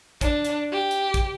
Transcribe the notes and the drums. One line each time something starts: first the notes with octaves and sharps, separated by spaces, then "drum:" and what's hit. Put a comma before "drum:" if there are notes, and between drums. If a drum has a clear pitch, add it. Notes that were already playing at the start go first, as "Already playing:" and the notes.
D4, drum: kick, hi-hat
drum: hi-hat
G4
drum: hi-hat
drum: kick, hi-hat